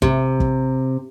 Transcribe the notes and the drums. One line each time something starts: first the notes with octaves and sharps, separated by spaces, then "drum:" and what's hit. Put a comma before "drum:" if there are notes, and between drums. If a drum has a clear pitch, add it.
C3, drum: kick
drum: kick